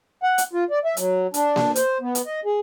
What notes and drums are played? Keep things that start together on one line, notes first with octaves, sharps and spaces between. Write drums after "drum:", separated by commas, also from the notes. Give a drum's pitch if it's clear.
F#5
drum: hi-hat
F4
D5
E5
F#3, drum: hi-hat
D4, drum: hi-hat
drum: snare A#3
C5, drum: hi-hat
B3
drum: hi-hat
D#5
G#4